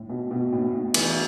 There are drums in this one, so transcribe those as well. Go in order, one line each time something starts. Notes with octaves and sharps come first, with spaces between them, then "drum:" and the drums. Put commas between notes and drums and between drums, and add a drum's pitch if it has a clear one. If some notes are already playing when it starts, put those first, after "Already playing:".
Already playing: A2
B2
B2
A2
A2
E3, drum: cymbal